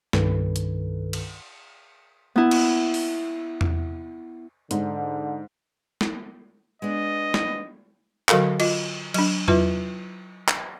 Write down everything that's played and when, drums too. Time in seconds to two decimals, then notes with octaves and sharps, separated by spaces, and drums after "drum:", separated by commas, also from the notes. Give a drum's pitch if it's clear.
0.13 C2 G2 D#3 A4 B4, drum: snare
0.56 drum: hi-hat
1.13 drum: cymbal
2.36 B3 E4
2.51 drum: cymbal
2.94 drum: open hi-hat
3.61 drum: tom E2
4.71 G#2 D3, drum: hi-hat
6.01 drum: snare
6.82 G#3 B3 D4 D#5
7.34 drum: snare
8.29 D3 F#3 F#4 A4 A#4 F5, drum: clap
8.60 F4 D#5, drum: cymbal
9.14 F#3 D4, drum: cymbal
9.48 F#3 E4 F4 B4 E5, drum: tom E2
10.48 drum: clap